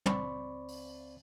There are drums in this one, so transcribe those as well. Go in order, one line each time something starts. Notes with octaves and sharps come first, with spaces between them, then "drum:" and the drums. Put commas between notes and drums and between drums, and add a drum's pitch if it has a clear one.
C#2 C4 C5 D5 B5 C#6, drum: tom
drum: open hi-hat